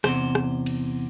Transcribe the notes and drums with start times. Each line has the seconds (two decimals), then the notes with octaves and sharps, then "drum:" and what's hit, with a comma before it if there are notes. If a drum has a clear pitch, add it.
0.04 E2 C3 C5, drum: rim click
0.35 drum: rim click
0.66 drum: cymbal